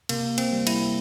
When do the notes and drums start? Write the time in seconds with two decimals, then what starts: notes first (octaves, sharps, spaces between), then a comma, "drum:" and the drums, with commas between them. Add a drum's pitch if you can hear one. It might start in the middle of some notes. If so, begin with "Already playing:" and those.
0.09 C3 A#3, drum: cymbal
0.38 C4, drum: cymbal
0.52 G3
0.67 E4, drum: cymbal